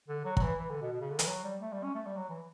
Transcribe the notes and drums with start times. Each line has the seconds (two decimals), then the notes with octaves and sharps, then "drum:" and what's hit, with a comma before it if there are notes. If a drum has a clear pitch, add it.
0.08 D3
0.25 F#3
0.37 F#3, drum: kick
0.42 E3
0.59 E3
0.70 D3
0.82 B2
0.92 B2
1.01 C#3
1.10 D3
1.19 E3, drum: hi-hat
1.27 F#3
1.44 G3
1.61 A3
1.73 G3
1.83 C#4
1.95 A3
2.06 G3
2.17 F#3
2.29 E3